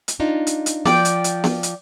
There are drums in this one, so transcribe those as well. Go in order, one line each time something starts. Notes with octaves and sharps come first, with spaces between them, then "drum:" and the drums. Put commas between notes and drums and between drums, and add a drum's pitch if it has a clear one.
drum: hi-hat
D4 D#4 F4
drum: hi-hat
drum: hi-hat
F3 D5 G5, drum: snare B3
drum: hi-hat
drum: hi-hat
drum: snare B3
drum: hi-hat